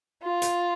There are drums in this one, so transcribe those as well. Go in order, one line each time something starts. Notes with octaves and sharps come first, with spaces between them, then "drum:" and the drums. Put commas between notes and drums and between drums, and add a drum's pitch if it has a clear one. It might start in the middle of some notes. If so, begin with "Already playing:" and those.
F4
drum: hi-hat